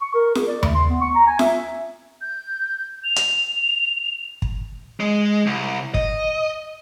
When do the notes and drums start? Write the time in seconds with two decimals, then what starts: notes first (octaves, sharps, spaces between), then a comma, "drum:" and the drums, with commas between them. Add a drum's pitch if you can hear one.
0.02 C#6
0.15 A#4
0.35 G#4, drum: snare F4
0.47 D5
0.63 A3, drum: tom D#2
0.75 C6
0.89 B3
1.01 C#6
1.15 A#5
1.27 G#5
1.39 E5, drum: snare F4
2.21 G6
3.04 F7
3.16 drum: hi-hat
4.42 drum: kick
5.00 G#3
5.47 C2
5.94 D#5, drum: kick